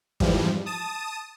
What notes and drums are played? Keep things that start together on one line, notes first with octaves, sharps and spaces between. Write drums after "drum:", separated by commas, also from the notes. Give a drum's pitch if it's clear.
F2 G#2 E3 F3 G3, drum: kick
A5 D#6